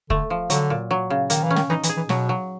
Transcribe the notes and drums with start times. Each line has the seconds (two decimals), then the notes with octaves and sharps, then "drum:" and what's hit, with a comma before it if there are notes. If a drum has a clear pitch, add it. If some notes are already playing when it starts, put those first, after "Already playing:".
0.10 D3 A3, drum: kick
0.30 F3
0.50 D3 F#3, drum: hi-hat
0.70 A#2
0.91 F#3
1.10 C#3
1.30 D#3 A#3, drum: hi-hat
1.44 E3
1.50 C#4
1.56 D#3, drum: snare
1.70 E3 D#4
1.83 E3, drum: hi-hat
1.89 G#4
1.97 E3
2.09 B2 F#3, drum: snare
2.29 F#3